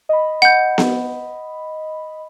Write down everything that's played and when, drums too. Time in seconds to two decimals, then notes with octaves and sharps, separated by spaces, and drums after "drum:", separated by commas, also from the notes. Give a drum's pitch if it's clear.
0.09 D#5 B5
0.42 F#5 G6
0.78 drum: snare B3